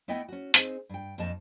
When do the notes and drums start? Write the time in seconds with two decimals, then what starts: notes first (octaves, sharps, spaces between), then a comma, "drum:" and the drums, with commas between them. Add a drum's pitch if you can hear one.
0.08 A3 B3 E4 D#5 G5
0.28 C#4 F#4
0.54 C4 D#4 G#4, drum: hi-hat
0.89 G2 G5
1.18 F2 A#2 C4 D#5 A5